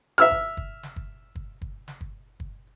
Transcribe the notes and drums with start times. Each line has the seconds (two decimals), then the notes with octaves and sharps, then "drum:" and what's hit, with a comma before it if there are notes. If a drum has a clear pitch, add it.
0.18 E5 E6 F6
0.31 drum: kick
0.57 drum: kick
0.83 drum: snare
0.96 drum: kick
1.35 drum: kick
1.62 drum: kick
1.88 drum: snare
2.01 drum: kick
2.40 drum: kick